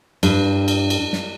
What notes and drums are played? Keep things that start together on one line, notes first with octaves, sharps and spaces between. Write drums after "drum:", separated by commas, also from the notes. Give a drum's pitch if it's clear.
G2, drum: cymbal
drum: cymbal
drum: cymbal
drum: snare